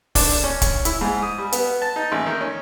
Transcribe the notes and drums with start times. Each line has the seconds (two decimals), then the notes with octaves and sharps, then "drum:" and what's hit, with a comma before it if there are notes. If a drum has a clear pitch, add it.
0.15 D4, drum: kick, open hi-hat
0.44 C#4
0.62 drum: kick, hi-hat
0.85 E4, drum: hi-hat
1.01 G#2
1.22 D#6
1.38 G3
1.52 B3, drum: hi-hat
1.82 A5
1.96 D#4
2.12 A1
2.26 D#3
2.41 C#4